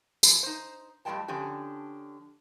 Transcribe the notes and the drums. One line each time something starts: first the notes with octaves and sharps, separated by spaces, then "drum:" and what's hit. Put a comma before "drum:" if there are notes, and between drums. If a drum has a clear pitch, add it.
E3 F3, drum: tambourine
D#4 C5
F2 A2 G3 G#3 G5 A5
D3 F3 C#4 D4 G4